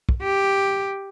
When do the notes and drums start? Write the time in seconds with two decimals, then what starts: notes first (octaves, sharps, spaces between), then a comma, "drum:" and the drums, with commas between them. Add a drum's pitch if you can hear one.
0.09 drum: kick
0.23 G4